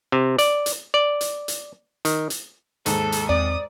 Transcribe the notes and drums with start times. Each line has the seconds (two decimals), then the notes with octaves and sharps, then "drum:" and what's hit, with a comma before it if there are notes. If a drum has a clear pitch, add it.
0.12 C3
0.38 D5, drum: hi-hat
0.66 drum: hi-hat
0.94 D5
1.21 drum: hi-hat
1.48 drum: hi-hat
2.05 D#3, drum: hi-hat
2.30 drum: hi-hat
2.86 D#2 G#2 A4, drum: hi-hat
3.12 drum: hi-hat
3.29 E2 C4 D5 D#6